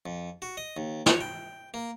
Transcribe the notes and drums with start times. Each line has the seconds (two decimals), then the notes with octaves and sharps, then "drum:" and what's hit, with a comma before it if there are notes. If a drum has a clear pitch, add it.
0.06 F2
0.42 F#4
0.57 D#5
0.77 D#2
1.06 C#5, drum: snare
1.21 G5
1.74 A#3